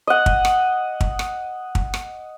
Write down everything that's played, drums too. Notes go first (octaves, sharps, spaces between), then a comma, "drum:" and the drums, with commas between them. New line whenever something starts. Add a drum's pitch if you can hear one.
D#5 F#5
drum: kick
drum: rim click
drum: kick
drum: rim click
drum: kick
drum: rim click